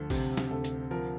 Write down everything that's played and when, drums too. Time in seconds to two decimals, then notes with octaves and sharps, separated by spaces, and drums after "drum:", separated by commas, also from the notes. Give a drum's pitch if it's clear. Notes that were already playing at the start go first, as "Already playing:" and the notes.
Already playing: D2 F3 A4
0.10 C3 G4, drum: kick A1, open hi-hat
0.37 drum: snare
0.51 D2 A4
0.64 drum: hi-hat
0.91 F3 A#4